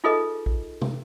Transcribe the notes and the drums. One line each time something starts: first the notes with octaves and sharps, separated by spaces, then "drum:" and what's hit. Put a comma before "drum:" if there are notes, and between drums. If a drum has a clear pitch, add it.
D#4 F4 G#4 A4 B4 D#5
drum: kick
drum: tom